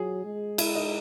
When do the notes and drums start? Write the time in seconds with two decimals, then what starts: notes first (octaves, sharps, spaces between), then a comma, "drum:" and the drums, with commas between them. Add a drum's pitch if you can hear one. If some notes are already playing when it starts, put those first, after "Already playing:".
Already playing: F#3 G#4
0.25 G#3
0.58 E4, drum: cymbal
0.75 D#4